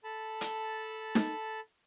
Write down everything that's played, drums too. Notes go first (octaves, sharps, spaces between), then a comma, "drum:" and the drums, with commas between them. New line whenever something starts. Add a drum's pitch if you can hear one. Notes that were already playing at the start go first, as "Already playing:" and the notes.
A4 A5 B5
drum: hi-hat
drum: snare D#4